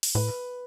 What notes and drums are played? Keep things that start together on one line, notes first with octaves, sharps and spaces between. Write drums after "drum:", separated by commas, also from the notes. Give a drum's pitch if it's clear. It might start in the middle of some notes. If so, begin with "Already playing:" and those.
drum: open hi-hat
A2 B4